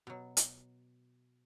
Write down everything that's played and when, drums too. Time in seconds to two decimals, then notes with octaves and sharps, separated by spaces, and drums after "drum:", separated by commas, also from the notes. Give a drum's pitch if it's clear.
0.07 B2 F#3
0.37 drum: hi-hat